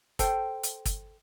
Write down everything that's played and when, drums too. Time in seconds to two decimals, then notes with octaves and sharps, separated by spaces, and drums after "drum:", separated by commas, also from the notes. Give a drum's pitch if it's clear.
0.19 A4 C5 G5, drum: kick, hi-hat
0.63 drum: hi-hat
0.85 drum: kick, hi-hat